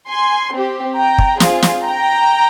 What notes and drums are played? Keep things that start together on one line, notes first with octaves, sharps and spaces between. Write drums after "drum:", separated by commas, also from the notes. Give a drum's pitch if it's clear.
G#5 C6
C4 G4
G5 A#5
drum: kick
C4 F4 G#4, drum: snare
drum: snare
G5 A#5